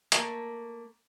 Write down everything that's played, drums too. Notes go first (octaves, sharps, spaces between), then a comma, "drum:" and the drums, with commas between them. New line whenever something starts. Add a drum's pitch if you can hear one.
A3 A#3, drum: hi-hat